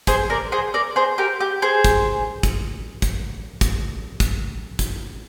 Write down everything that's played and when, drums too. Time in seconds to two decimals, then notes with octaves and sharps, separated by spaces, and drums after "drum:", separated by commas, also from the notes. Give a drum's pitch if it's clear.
0.07 G#4 C5, drum: kick, hi-hat
0.30 A#4 D5
0.52 G#4 C5
0.74 A#4 D5
0.96 G#4 C5
1.18 G4 A#4
1.40 G4
1.62 G#4 C5
1.84 drum: kick, hi-hat
2.43 drum: kick, hi-hat
3.02 drum: kick, hi-hat
3.61 drum: kick, hi-hat
4.20 drum: kick, hi-hat
4.79 drum: kick, hi-hat